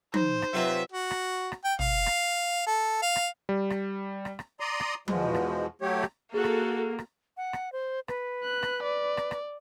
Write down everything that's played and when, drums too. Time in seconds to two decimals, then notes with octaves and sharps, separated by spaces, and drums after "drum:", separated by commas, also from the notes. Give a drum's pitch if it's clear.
0.14 D#4 C5, drum: tom F3
0.42 drum: rim click
0.53 C3 F#3 F4 B4 E5
0.92 F#4
1.11 drum: rim click
1.52 drum: rim click
1.64 G5
1.79 F5, drum: tom
2.06 drum: rim click
2.66 A4
3.02 F5
3.16 drum: rim click
3.49 G3
3.70 drum: rim click
4.25 drum: rim click
4.39 drum: rim click
4.60 D5 A#5 C6 D#6
4.80 drum: rim click
5.08 E2 B2 F3 G#3, drum: tom F3
5.34 drum: rim click
5.81 F#3 A3 G4 C#5
6.03 drum: rim click
6.34 A#3 F#4 G#4 A4
6.44 drum: rim click
6.99 drum: rim click
7.37 F#5
7.53 drum: rim click
7.72 C5
8.08 B4, drum: rim click
8.44 F#6
8.63 drum: rim click
8.83 D5
9.17 drum: rim click
9.31 drum: rim click